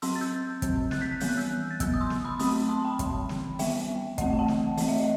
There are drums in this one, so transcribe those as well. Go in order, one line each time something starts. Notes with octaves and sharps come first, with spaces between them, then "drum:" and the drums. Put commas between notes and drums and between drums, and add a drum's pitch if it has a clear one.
F#3 C4 C6 E6, drum: open hi-hat
A6
E6 G6
D#3 F#3 C4, drum: kick, hi-hat
F#6 A6, drum: snare
G6 B6
F#6 A6
E3 G3 B3 G6, drum: open hi-hat
F#6
E6 G6
A6
F#3 B3 E6 G6, drum: kick, hi-hat
D#6
C6 E6
drum: snare
B5 D#6
F#3 A3 C4 B5 D#6, drum: open hi-hat
D#6
A5 C6
A5
G5 B5
E3 G3 C4, drum: kick, hi-hat
drum: snare
D#3 G3 B3 E5 G5, drum: open hi-hat
E3 A3 C4 D#5 F#5, drum: kick, hi-hat
G5
F#5 A5
drum: snare
E3 A3 C4 D#5, drum: open hi-hat
E5
D#5